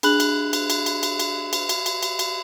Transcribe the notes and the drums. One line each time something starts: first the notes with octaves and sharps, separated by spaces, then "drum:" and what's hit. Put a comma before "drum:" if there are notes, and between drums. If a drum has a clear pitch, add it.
D4 G#4 B5 F#6 F#7, drum: cymbal
drum: cymbal
drum: cymbal
drum: cymbal
drum: cymbal
drum: cymbal
drum: cymbal
drum: cymbal
drum: cymbal
drum: cymbal
drum: cymbal
drum: cymbal